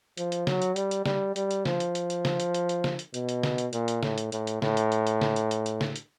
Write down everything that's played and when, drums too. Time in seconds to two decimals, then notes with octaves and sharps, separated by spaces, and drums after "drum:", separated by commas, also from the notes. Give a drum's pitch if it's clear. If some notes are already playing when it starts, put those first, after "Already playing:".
0.17 F3, drum: hi-hat
0.32 drum: hi-hat
0.47 F#3, drum: snare
0.62 drum: hi-hat
0.76 G3, drum: hi-hat
0.91 drum: hi-hat
1.06 G3, drum: snare
1.36 G3, drum: hi-hat
1.51 drum: hi-hat
1.65 F3, drum: snare
1.80 drum: hi-hat
1.95 drum: hi-hat
2.10 drum: hi-hat
2.25 drum: snare
2.40 drum: hi-hat
2.54 drum: hi-hat
2.69 drum: hi-hat
2.84 drum: snare
2.99 drum: hi-hat
3.14 B2, drum: hi-hat
3.29 drum: hi-hat
3.43 drum: snare
3.58 drum: hi-hat
3.73 A#2, drum: hi-hat
3.88 drum: hi-hat
4.03 A2, drum: snare
4.18 drum: hi-hat
4.32 A2, drum: hi-hat
4.47 drum: hi-hat
4.62 A2, drum: snare
4.77 drum: hi-hat
4.92 drum: hi-hat
5.07 drum: hi-hat
5.21 drum: snare
5.36 drum: hi-hat
5.51 drum: hi-hat
5.66 drum: hi-hat
5.81 drum: snare
5.96 drum: hi-hat